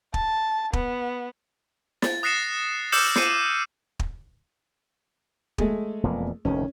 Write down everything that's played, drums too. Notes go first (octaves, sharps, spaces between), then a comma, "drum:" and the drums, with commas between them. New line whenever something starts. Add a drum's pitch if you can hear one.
A5, drum: kick
B3, drum: kick
A6, drum: snare
D#6 F#6 A#6 C7 C#7 E7
D6 E6 F6 G6 C#7 E7, drum: open hi-hat
G6 C7 C#7 D#7, drum: snare
drum: kick
G#3 A3 G#4, drum: kick
E1 F2 A#3
F1 D2 D#3 C#4